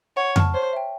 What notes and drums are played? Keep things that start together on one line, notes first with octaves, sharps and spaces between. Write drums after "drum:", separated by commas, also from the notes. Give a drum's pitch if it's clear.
C#5 F#5
A5 C#6 F6, drum: tom F2
C5 C#5
E5 G5